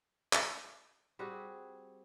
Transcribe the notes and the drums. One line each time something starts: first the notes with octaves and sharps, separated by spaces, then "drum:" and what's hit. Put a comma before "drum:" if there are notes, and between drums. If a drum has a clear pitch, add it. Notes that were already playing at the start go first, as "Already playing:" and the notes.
drum: clap
G3 C4 F#4 G#4